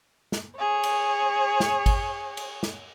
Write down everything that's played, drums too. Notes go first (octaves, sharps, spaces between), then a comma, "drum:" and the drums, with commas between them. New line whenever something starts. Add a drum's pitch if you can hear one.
drum: snare
G#4 C#5
drum: cymbal
drum: snare
drum: kick G#1, cymbal
drum: cymbal
drum: snare